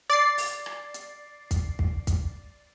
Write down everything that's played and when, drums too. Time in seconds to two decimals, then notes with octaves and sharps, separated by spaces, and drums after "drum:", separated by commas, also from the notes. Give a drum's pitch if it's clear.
0.10 D5 A6 C7
0.38 drum: open hi-hat
0.66 drum: rim click
0.94 drum: hi-hat
1.51 drum: kick, hi-hat
1.79 drum: kick
2.07 drum: kick, hi-hat